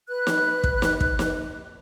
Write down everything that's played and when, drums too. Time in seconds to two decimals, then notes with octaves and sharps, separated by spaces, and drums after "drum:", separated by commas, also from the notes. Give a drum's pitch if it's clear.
0.08 B4 F#6
0.27 drum: snare
0.64 drum: kick
0.82 drum: snare
1.00 drum: kick
1.19 drum: snare